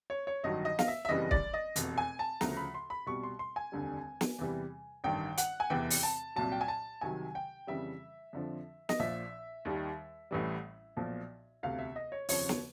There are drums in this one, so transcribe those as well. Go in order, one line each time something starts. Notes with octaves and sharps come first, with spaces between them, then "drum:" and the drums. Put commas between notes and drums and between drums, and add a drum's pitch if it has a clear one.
C#5
C#5
A1 G2 D#3 F#3 D#5
D#5
F5, drum: snare
E5
E5
F#1 F2 C#3 E3 G3 D#5
D5, drum: kick
D#5
F1 E2 B2, drum: hi-hat
G#5
A5
D2 C#3 F3 A#5, drum: snare
B5
C6
B5
C2 B2 G3 C#6
C6
C6
G#5
F1 D#2 D3 G3
drum: snare
E2 C3 E3 G3
A1 G2 D#3 G5
F#5, drum: hi-hat
G#5
F1 E2 C3 E3 G5
drum: open hi-hat
A5
C2 A#2 F#3 A5
G5
G#5
A5
C2 C3 D#3 F#3 G#5
G5
F2 C#3 E3 G3 E5
F2 D3 F3
D#5, drum: snare
A#1 A#2 F3 E5
D#2 D#3 G3
A1 A2 E3 G3
B1 A#2 F3
E1 D2 C3 F5
E5
D#5
C#5
F1 D#2 C#3 F3 C#5, drum: open hi-hat
drum: snare